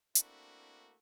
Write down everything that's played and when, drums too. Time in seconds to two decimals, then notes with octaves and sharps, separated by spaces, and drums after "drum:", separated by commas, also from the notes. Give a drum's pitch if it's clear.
0.15 A3 A#3 C4 D4 E4 F#4, drum: hi-hat